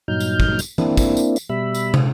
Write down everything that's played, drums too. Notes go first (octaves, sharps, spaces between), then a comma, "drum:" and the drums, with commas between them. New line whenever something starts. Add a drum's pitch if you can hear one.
G2 A#2 F#3 D#4 F6 G6
drum: tambourine
drum: kick
drum: tambourine
A#3 C4 D4 E4, drum: tom E3
drum: kick, tambourine
drum: tambourine
drum: tambourine
B2 G3 E5 B5
drum: tambourine
drum: tom